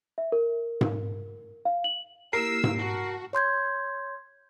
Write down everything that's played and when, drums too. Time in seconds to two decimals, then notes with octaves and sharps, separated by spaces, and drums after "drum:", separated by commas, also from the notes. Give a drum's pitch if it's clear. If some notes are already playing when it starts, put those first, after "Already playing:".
0.18 E5
0.32 A#4
0.81 drum: tom G#2
1.65 F5
1.84 F#7
2.33 A#3 E4 G4 A#4 E6 C7
2.64 drum: tom G#2
2.78 F#4 A5
3.33 C#5 C6 G6 G#6